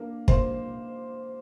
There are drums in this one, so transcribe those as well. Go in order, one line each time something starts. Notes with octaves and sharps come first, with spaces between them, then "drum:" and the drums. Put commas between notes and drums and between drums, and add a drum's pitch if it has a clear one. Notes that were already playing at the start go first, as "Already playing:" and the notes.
Already playing: A#3 D4
A#3 C5, drum: kick